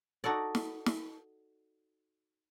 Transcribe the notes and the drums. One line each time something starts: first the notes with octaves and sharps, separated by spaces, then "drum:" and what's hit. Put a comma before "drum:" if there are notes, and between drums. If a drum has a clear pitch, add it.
D#4 F#4 A4 D5
drum: snare
drum: snare